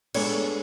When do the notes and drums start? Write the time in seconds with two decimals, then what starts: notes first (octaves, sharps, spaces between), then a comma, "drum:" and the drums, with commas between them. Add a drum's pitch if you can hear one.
0.14 G#3 B3 D4 A4 C#5, drum: cymbal